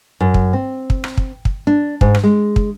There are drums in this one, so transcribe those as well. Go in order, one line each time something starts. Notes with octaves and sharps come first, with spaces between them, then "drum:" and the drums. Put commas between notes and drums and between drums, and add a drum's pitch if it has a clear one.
F#2
drum: kick
C4
drum: kick
drum: rim click
drum: kick
drum: kick
D4
G#2, drum: kick
drum: rim click
G#3
drum: kick